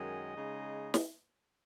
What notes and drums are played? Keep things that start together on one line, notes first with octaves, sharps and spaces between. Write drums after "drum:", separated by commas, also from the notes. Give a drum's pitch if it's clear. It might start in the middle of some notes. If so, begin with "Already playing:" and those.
Already playing: F#2 D#3 G#3 D#5
C#3 G#3 D#4
drum: snare